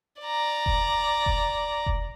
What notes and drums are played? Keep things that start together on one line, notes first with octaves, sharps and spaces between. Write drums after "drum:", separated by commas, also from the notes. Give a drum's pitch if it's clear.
D5 A#5
drum: kick F1
drum: kick F1
drum: kick F1